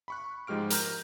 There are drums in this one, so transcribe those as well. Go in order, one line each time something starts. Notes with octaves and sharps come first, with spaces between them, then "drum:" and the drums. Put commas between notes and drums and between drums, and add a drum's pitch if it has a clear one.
B5 C#6 F#6
G#2 F3 G#3 G4 F6 D7
A#4 A#5 F6 G6, drum: hi-hat